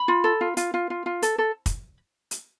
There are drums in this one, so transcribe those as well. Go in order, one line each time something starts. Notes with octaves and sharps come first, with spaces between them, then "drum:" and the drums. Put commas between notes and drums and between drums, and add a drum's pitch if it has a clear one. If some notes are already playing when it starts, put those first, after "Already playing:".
Already playing: B5
F4
A4
F4
F4, drum: hi-hat
F4
F4
F4
A4, drum: hi-hat
A4
drum: kick, hi-hat
drum: hi-hat